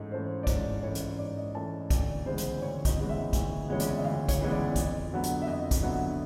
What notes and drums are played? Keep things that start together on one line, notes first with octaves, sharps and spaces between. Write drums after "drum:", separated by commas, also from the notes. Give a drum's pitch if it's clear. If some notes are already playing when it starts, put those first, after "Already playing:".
Already playing: G#2 E3 A3 C#4
E3 A3 C#4 C5
D5
G#2 C#5, drum: kick A#1, hi-hat
E3 A3 C#4 C#5
drum: hi-hat
G#2 D5
D#5
E3 A3 C#4 A5
D2 D5, drum: kick A#1, hi-hat
C#3 E3 G#3 B3 C5
drum: hi-hat
D2 C#5
D#5, drum: kick A#1, hi-hat
C#3 E3 G#3 B3
E5
D2, drum: kick A#1, hi-hat
C#3 E3 G#3 B3 C#5
D5, drum: hi-hat
D#5
E5
D2 F5
C#5, drum: kick A#1, hi-hat
C#3 E3 G#3 B3
D5
F2, drum: kick A#1, hi-hat
D3 F#3 B3
drum: hi-hat
E5
F2 D#5
drum: kick A#1, hi-hat
D3 F#3 B3